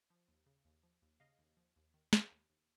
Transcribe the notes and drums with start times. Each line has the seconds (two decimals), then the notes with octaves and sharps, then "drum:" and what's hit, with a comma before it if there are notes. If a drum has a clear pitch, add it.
0.10 F3
0.28 D#2
0.46 C#3
0.65 D#2
0.83 F3
1.02 D#2
1.20 C#3 D#5 F5
1.39 D#2
1.57 F3
1.76 D#2
1.94 D#3
2.13 D#3, drum: snare
2.31 D#2
2.50 D#2